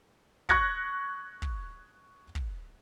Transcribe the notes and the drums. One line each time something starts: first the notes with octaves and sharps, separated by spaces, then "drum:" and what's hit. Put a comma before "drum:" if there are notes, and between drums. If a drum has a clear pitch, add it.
C#6 F#6 G#6 A#6 C#7, drum: kick
drum: kick
drum: kick